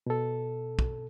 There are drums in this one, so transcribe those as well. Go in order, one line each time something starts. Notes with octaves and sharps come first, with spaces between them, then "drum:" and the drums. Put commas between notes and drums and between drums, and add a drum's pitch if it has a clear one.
B2 A4
drum: kick